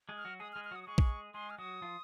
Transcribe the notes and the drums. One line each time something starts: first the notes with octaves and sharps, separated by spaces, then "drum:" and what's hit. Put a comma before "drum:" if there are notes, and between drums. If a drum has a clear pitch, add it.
G#3 G#4
F6
F#3 F#4
G#3 G#4 D#6
F6
G#3 G#4
F6
F#3 F#4 D#6
D#6
G#3 G#4 C#6
drum: kick A#1
G#3 G#4 C6
F6
F#3 F#4 D#6
F3 F4